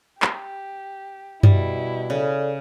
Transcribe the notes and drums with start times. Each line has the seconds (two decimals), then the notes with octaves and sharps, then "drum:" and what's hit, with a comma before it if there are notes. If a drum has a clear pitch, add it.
0.22 G4, drum: clap
1.43 B2 G3 E4, drum: tom F#2
2.10 C#3 A4 D5